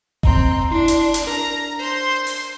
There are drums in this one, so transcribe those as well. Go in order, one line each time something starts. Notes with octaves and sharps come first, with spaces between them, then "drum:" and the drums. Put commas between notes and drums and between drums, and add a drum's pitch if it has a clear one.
C4 D#5 A#5 C6, drum: kick F#1
D4 E4 C6 C7
drum: hi-hat
drum: hi-hat
D4 A#4 A#5
C5 C6
drum: open hi-hat